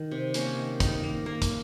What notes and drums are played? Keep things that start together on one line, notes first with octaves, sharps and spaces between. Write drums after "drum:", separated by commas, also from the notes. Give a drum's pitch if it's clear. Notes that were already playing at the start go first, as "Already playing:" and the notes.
Already playing: D#3
C3
A#3 C#4, drum: hi-hat
D#3
D#3, drum: kick, hi-hat
A#3
A#3
drum: kick, hi-hat